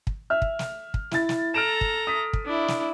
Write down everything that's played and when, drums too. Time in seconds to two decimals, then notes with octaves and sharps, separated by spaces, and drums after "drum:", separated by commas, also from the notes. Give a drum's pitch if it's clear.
0.07 drum: kick
0.30 E5 F6
0.42 drum: kick
0.59 drum: snare
0.94 drum: kick
1.11 E4 A6, drum: snare
1.29 drum: snare
1.54 A4 A#5 F6 D7 E7
1.81 drum: kick
2.07 D#6 B6
2.33 drum: kick
2.45 D4 E4
2.68 drum: snare